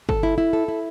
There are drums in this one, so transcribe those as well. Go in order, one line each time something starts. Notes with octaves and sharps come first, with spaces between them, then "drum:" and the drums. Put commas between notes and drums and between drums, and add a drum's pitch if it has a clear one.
A4, drum: kick G1
E4
E4
A4
E4